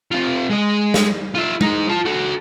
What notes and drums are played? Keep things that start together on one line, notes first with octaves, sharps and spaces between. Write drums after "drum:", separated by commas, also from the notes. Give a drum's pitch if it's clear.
C3 F4
G#3 D#5
drum: snare
F4 E5
G#3 D#4, drum: tom G#3
F4 A5
F#4 A4